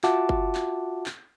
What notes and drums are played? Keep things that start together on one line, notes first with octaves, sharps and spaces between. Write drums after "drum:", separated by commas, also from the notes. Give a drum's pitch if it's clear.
F4 F#4 E5 F#5 A5 D6, drum: clap
drum: kick F#1
drum: clap
drum: clap